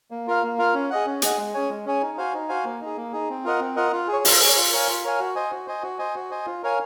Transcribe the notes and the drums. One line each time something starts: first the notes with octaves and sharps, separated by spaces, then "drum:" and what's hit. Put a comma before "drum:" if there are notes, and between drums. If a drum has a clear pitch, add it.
A#3
F4 A#4 F5
A#3
F4 A#4 F5
C#4
G#4 D#5 F#5
C#4
G#4 D#5 F#5, drum: hi-hat
G#3
C#4 G#4 C#5 G#5
G#3
C#4 G#4 C#5 G#5
D#4
F#4 C5 F5 G#5
D#4
F#4 C5 F5 G#5
A#3
D#4
G#4
A#3
D#4 G#4
C4
F4 A#4 D#5 F#5
C4
F4 A#4 D#5 F#5
F4
G#4
C#5
F4, drum: open hi-hat
G#4 C#5
F4
A#4 C#5 F5 G#5
F4
A#4 C#5 F5 G#5
F#4
C5 D#5 G#5
F#4
C5 D#5 G#5
F#4
C5 D#5 G#5
F#4
C5 D#5 G#5
F4
A#4 C#5 F5 G#5